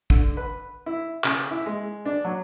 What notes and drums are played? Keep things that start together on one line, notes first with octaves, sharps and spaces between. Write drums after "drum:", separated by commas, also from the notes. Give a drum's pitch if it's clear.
D3, drum: kick
B4
E4
C#3, drum: clap
E4
G#3
D4
F#3